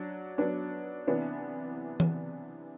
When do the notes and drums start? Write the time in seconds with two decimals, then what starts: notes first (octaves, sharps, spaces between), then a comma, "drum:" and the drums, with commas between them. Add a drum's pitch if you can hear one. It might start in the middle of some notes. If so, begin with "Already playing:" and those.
Already playing: F#3 D4
0.38 F#3 B3 D4
1.07 C3 E3 B3 D4
2.00 drum: tom E3